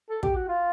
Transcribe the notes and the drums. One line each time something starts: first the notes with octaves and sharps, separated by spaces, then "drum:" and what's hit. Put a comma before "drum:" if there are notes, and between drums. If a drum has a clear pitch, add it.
A4
G4, drum: kick
F#4
F4